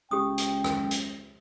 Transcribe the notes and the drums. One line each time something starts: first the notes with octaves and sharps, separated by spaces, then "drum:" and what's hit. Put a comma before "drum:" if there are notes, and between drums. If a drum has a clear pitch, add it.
C#2 G4 G5 D#6
drum: hi-hat
drum: rim click
drum: hi-hat